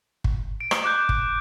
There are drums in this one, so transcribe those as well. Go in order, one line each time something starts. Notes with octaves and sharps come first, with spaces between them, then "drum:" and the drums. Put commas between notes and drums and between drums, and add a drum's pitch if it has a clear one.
drum: kick
D7
drum: rim click
D6 F#6 G6
drum: kick